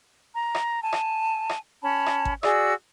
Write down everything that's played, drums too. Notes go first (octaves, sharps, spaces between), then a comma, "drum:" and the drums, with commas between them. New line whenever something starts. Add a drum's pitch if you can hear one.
A#5
drum: rim click
G#5 A5
drum: rim click
drum: rim click
C#4 A5 B5
drum: rim click
drum: kick G#1
F#4 G#4 D5 E6, drum: rim click